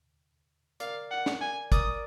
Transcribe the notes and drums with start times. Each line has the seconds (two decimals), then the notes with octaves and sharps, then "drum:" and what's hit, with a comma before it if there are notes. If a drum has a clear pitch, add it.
0.80 A#4 D5 F5, drum: hi-hat
1.11 F#5
1.26 drum: snare
1.41 G#5
1.72 A#4 D5 D#6, drum: kick, hi-hat